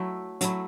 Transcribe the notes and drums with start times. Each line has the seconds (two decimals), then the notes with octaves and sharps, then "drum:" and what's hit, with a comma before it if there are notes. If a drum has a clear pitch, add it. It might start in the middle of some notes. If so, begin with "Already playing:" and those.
Already playing: F#3 A3 E4
0.41 F#3 A3 E4, drum: hi-hat